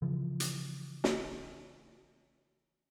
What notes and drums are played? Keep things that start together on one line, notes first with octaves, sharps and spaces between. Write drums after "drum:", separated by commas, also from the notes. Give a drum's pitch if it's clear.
C#3 E3 F3
drum: hi-hat
drum: snare